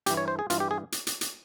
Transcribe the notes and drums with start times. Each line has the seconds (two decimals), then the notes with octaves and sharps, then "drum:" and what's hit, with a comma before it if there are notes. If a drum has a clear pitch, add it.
0.06 G2 E3 G4, drum: hi-hat
0.17 C#5
0.28 C5
0.39 G#4
0.50 G2 E3 F4, drum: hi-hat
0.60 G4
0.71 G#4
0.92 drum: hi-hat
1.07 drum: hi-hat
1.21 drum: hi-hat